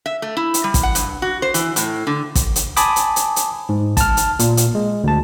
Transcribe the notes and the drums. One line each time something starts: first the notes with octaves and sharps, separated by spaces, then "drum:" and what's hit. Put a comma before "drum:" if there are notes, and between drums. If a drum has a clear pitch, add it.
E5
A3
E4
drum: hi-hat
G3
drum: kick, hi-hat
F#5
G2, drum: hi-hat
F#4
C5
E3, drum: hi-hat
A2, drum: hi-hat
D3
drum: kick, hi-hat
drum: hi-hat
G#5 A5 B5 D6 D#6, drum: hi-hat
drum: hi-hat
drum: hi-hat
drum: hi-hat
G#2
A5 F6, drum: kick, hi-hat
drum: hi-hat
A#2, drum: hi-hat
drum: hi-hat
G#3
D2 A5